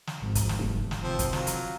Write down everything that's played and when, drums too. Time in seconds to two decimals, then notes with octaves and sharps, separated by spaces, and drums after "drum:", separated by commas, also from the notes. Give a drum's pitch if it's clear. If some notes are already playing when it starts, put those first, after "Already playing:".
0.07 drum: snare
0.19 G#1 G#2 F3
0.35 drum: kick, hi-hat
0.49 drum: snare
0.59 F1 G2 A3
0.91 drum: snare
1.02 C3 D#3 F3 C4
1.19 drum: kick, hi-hat
1.33 F#3 F4, drum: snare
1.47 drum: hi-hat